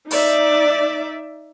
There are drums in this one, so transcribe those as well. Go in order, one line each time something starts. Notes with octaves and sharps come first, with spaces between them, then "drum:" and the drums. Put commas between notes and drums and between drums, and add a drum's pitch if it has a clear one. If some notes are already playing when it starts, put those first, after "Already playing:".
D#4 D5 E5, drum: open hi-hat